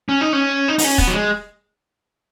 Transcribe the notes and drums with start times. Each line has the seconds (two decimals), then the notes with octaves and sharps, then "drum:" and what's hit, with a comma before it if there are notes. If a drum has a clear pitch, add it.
0.09 C#4
0.21 D#4
0.33 C#4
0.68 D#4
0.78 D#4, drum: open hi-hat
0.84 C#4
0.98 B3, drum: kick
1.08 F#3
1.14 G#3